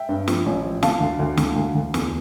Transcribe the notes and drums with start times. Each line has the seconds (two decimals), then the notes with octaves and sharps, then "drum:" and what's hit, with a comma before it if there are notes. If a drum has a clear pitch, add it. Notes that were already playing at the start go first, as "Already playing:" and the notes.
Already playing: E5 G5
0.09 G2
0.28 F3, drum: snare
0.46 A1
0.65 F3
0.83 D3 F5 A5, drum: snare
1.00 D2
1.19 D2
1.37 D2, drum: snare
1.56 D2
1.75 D2
1.94 E2, drum: snare